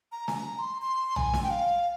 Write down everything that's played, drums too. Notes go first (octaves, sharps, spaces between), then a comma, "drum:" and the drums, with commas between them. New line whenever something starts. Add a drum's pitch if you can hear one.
A#5
G#5, drum: snare
A#5
C6
C6
G#5, drum: tom
drum: snare
G5
F5